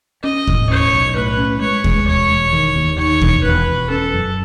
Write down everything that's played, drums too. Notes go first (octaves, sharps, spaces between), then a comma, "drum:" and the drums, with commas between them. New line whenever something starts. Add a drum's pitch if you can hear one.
C#4 D#5
A2, drum: kick D#2
C#4 C#5
B1
A2 B4
C#4
G#3 C#5
G#3, drum: kick D#2
E1 C#5
E1
D#3
D#2
D#3 C#5
E1, drum: kick D#2
E1 B4
E1
C#4 A4
F#2